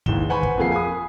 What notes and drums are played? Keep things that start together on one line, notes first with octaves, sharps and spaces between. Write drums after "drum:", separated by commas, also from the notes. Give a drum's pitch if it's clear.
D#2 G#2 E3 E7 G7, drum: kick
B4 C5 F#5 G#5 B5 C#6
drum: kick
F2 A#3 F4 G#4 C7
G#5 B5 D#6